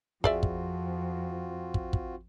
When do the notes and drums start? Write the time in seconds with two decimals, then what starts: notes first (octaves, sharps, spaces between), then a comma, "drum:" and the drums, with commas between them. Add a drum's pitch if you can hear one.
0.24 F2 C4 F4 F#4 G#4 D5 E5, drum: kick
0.43 drum: kick
1.74 drum: kick
1.93 drum: kick